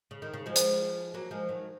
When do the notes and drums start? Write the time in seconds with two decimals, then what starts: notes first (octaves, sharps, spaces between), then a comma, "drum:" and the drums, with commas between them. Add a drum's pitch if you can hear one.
0.11 C#3
0.22 D#3
0.33 C#3
0.46 F3 G#3
0.56 drum: hi-hat
1.14 F#3 A#3
1.31 F3 G#3
1.49 D#3 F#3